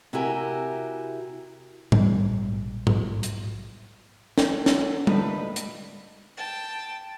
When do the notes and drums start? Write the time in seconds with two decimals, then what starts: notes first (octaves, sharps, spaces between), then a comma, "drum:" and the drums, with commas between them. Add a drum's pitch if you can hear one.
0.13 C3 E4 F#4 G4 A#4 G#5
1.92 A#1 G3, drum: tom G#2
2.87 drum: tom G#2
3.23 drum: hi-hat
4.38 drum: snare
4.66 F#3, drum: snare
5.07 A2 D3 A#3 D#4 B4, drum: tom
5.56 drum: hi-hat
6.38 G5 A5